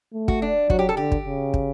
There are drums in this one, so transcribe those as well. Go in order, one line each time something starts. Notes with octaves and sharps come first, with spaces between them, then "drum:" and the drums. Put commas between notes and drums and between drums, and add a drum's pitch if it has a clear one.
A3
F#4, drum: kick
D4
F#3 F#4, drum: kick
G4
A4
D3 G4
drum: kick
C#3
drum: kick